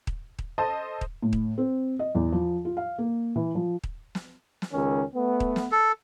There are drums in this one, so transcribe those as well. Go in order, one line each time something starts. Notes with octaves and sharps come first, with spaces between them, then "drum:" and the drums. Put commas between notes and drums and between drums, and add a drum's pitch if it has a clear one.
drum: kick D#1
drum: kick D#1
A4 C5 D#5 A5
drum: kick D#1
A2
drum: kick D#1
C4
D#5
E2
F3
F4
F5
A#3
E3
F3
drum: kick D#1
drum: snare
drum: snare
C#2 D#3 C#4
A3 B3
drum: kick D#1
drum: snare
A4